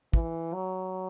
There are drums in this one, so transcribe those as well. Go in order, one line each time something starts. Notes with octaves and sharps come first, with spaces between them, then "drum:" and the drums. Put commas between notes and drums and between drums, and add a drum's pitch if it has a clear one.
E3, drum: kick
F#3